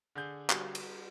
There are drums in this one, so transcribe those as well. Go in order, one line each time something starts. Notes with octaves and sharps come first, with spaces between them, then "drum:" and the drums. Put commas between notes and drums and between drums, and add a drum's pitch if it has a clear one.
D3 G#4 G6
G3 F#4, drum: clap
drum: cymbal